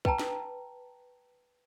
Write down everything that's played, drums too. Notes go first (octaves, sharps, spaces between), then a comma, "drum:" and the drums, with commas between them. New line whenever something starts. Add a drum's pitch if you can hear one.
B4 G5 A5 A#5, drum: kick
drum: snare